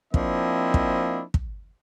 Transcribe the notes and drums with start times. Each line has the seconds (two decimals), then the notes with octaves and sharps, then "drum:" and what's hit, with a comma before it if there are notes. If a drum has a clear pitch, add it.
0.14 F3 A#3 C4 D4 E4 D#5, drum: kick
0.74 drum: kick
1.34 drum: kick